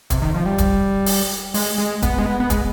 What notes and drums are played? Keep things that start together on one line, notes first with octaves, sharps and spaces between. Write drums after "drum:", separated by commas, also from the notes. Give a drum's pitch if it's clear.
C3, drum: kick, hi-hat
D#3
F3
G3
drum: kick, hi-hat
drum: open hi-hat
G#3, drum: open hi-hat
G#3
B3, drum: kick, hi-hat
G#3
B3
B3
G#3, drum: kick, hi-hat